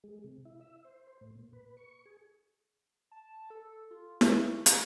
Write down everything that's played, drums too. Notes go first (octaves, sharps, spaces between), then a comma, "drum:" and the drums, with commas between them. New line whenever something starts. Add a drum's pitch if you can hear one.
G#3
C3
E4
E5
C5
C5
A2
A#2
B4
C#6
G#4
A5
A4
F4
drum: snare E4
C#6
E3, drum: hi-hat